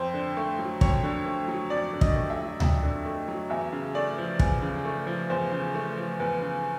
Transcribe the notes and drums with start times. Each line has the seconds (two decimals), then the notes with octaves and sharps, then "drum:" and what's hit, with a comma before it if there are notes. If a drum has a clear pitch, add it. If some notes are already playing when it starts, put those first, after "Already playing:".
Already playing: F2 C5
0.14 D3
0.37 A3
0.59 F#3
0.81 F2 C#5, drum: kick
1.03 D3
1.26 A3
1.48 F#3
1.70 F2 D5
1.93 D3
2.01 D#5, drum: kick
2.16 A3
2.30 E5
2.38 F#3
2.60 F2, drum: tom D2
2.83 D3
3.05 A3
3.28 F#3
3.50 E2 E5
3.73 C#3
3.95 A3 D5
4.18 F3
4.39 E2, drum: kick
4.62 C#3
4.85 A3
5.07 F3
5.30 E2 C5
5.53 C#3
5.75 A3
5.97 F3
6.20 E2 B4
6.42 C#3